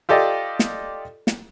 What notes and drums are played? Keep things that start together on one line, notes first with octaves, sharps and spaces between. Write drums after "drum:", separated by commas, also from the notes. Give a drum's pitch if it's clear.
F4 G4 A4 D5 D#5
drum: snare
drum: snare